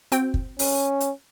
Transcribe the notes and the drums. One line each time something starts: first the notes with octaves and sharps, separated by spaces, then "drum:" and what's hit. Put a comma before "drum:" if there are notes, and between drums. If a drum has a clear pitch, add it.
C4 F#4 G5, drum: hi-hat
drum: kick
C#4, drum: open hi-hat
drum: hi-hat